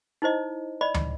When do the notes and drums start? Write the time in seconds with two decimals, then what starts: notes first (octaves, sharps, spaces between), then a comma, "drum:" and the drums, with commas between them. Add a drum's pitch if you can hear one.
0.22 D#4 E4 C5 D#5
0.81 D5 D#5 B5
0.94 drum: tom D2